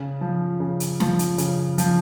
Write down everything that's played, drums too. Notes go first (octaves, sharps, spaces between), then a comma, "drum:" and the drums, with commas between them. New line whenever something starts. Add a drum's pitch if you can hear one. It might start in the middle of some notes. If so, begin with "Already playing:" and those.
Already playing: C#3
F3
C#3
drum: hi-hat
F3, drum: snare
drum: hi-hat
C#3, drum: hi-hat
F3, drum: hi-hat